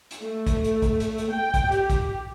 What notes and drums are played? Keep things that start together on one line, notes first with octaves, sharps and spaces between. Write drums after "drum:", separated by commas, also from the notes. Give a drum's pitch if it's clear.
drum: hi-hat
A3
drum: kick, hi-hat
drum: hi-hat
drum: kick, hi-hat
drum: hi-hat
drum: hi-hat
G5
drum: kick, hi-hat
G4, drum: hi-hat
drum: kick, hi-hat